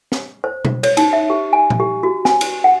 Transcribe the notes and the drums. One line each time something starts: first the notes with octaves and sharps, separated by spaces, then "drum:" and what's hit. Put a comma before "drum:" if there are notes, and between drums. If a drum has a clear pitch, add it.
drum: snare
C5
drum: tom B2
C#5, drum: cymbal
D#4, drum: cymbal
E5
G4
G#5
drum: tom A#2
G4
F#4
G#5, drum: snare
drum: cymbal
F#5